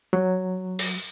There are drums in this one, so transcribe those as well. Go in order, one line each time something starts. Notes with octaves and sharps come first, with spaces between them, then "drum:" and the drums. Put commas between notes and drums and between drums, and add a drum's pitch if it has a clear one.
F#3
drum: open hi-hat